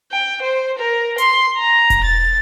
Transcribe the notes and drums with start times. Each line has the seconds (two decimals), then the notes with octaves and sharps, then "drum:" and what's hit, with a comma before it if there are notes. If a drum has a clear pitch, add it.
0.11 G5
0.42 C5
0.78 A#4
1.18 C6, drum: hi-hat
1.58 A#5
1.90 drum: kick E1, hi-hat
2.04 A6